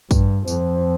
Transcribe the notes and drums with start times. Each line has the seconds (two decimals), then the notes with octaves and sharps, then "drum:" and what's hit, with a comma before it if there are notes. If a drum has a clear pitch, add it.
0.11 G2, drum: kick, tambourine
0.48 F2, drum: tambourine